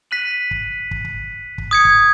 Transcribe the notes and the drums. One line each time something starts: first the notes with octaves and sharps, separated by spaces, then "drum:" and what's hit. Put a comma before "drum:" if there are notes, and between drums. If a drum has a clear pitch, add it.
F#6 B6 D#7 F#7
drum: kick
drum: kick
drum: kick
drum: kick
D#6 G#6 C#7
drum: kick